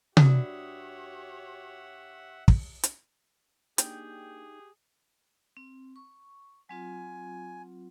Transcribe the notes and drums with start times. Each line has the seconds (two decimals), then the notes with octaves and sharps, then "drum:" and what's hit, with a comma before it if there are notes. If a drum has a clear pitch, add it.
0.17 G2 F#4 G4 C#5 E5 F#5 D#6, drum: tom C3
2.48 drum: kick
2.83 drum: hi-hat
3.78 A#3 D4 D#4 G4 G#4 G5, drum: hi-hat
5.57 C4
5.96 C#6
6.69 F#3 C4 F4 G#5